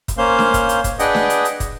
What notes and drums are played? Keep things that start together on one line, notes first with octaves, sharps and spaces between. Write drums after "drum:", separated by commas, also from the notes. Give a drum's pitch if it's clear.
drum: kick, hi-hat
A#3 C#4 C5 F5 G6
drum: snare D4
drum: kick, hi-hat
drum: hi-hat
drum: kick, hi-hat
D4 G#4 B4 D#5 F#5 G5, drum: hi-hat
drum: snare D4
drum: hi-hat
drum: hi-hat
drum: kick, hi-hat